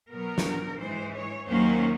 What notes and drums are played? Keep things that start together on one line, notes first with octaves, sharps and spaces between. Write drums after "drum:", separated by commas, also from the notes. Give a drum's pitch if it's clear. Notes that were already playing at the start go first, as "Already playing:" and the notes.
B2 F#3 B3 A#4
drum: snare
G#2 E3 G#3 C5
C#5
D#2 D#3 F#3 A#3 C#4 C5